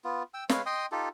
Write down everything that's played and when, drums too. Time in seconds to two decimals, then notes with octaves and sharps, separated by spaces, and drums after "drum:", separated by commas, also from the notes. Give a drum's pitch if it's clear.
0.04 B3 F4
0.34 G5 E6
0.49 G#3 B4 C#5 F5, drum: snare
0.66 D#5 G5 C6 D#6
0.92 D#4 F4 G4 A4